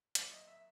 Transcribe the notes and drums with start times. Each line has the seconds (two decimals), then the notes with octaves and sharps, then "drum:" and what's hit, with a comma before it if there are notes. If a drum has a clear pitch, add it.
0.15 A#2 F#3 A#3 D5, drum: hi-hat
0.31 D#5
0.47 E5